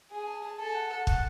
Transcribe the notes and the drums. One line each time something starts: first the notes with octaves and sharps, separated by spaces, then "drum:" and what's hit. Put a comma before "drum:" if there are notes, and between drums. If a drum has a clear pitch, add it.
G#4 G#5
A5
A5
A4 G#5
F#5
F#5
F#5, drum: kick